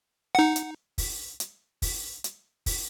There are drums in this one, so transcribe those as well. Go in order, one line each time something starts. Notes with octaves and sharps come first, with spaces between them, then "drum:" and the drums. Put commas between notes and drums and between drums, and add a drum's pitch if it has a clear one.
D#4 F#5
drum: hi-hat
drum: kick, open hi-hat
drum: hi-hat
drum: kick, open hi-hat
drum: hi-hat
drum: kick, open hi-hat